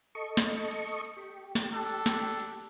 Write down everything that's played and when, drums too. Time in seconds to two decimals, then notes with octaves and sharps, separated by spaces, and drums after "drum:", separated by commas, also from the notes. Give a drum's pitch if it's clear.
0.15 A4 D#5 C#6
0.37 drum: snare
0.54 drum: hi-hat
0.71 drum: hi-hat
0.88 drum: hi-hat
1.05 drum: hi-hat
1.16 G4
1.55 drum: snare
1.72 D4 A4, drum: hi-hat
1.89 drum: hi-hat
2.06 drum: snare
2.40 drum: hi-hat